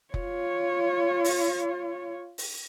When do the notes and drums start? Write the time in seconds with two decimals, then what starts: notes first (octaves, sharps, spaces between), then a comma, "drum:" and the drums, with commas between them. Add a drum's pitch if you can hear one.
0.14 F4 C#5, drum: kick F1
1.24 drum: open hi-hat
2.38 drum: open hi-hat